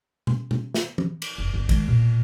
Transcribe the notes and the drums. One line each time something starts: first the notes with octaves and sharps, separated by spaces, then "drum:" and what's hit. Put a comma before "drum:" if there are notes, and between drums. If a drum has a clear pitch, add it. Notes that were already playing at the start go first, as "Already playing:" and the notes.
drum: tom B2
drum: tom B2
drum: snare
drum: tom F3
drum: cymbal
F1
G1
D#3 G#3, drum: kick G#1, cymbal
E1 A#2